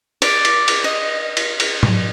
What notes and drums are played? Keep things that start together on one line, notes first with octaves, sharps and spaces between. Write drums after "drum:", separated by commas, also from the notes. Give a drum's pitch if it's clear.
D5, drum: cymbal
drum: cymbal
drum: cymbal
D#5
drum: cymbal
drum: cymbal
drum: tom